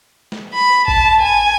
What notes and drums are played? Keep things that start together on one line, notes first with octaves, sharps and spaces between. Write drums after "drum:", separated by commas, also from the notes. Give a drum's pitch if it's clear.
drum: snare
B5
A5, drum: kick G#1
G#5